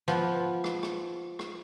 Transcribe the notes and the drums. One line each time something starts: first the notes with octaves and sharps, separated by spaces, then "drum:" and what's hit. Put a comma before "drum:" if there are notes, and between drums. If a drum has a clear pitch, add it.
F3 B3, drum: rim click
drum: rim click
drum: rim click
drum: rim click